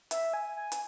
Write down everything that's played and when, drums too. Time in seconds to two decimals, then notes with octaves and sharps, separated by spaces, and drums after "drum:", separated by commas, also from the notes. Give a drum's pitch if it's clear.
0.11 E5, drum: hi-hat
0.34 G#5
0.56 G#5
0.72 drum: hi-hat